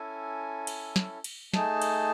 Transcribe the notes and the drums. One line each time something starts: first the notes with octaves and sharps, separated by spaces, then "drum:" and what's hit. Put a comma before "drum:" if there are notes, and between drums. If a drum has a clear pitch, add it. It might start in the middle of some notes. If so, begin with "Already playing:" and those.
Already playing: C#4 E4 A4 G#5
drum: cymbal
drum: snare
drum: cymbal
A3 D#4 G#4 A5, drum: snare
drum: cymbal